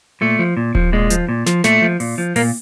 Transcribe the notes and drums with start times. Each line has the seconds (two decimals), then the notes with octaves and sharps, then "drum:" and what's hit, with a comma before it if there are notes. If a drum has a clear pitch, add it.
0.21 A#2 A3
0.39 F3
0.57 A#2
0.75 F3, drum: kick D#1
0.92 A#2 G#3
1.10 F3, drum: hi-hat
1.29 A#2
1.46 F3, drum: snare
1.64 A#2 A3, drum: snare
1.82 F3
2.00 A#2, drum: open hi-hat
2.18 F3
2.36 A#2 A#3, drum: open hi-hat